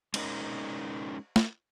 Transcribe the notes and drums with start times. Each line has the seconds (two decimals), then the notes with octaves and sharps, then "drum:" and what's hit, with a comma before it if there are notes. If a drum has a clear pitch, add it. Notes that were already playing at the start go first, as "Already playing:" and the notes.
0.14 G#3 C#4 D#4 A4 A#4, drum: cymbal
1.36 drum: snare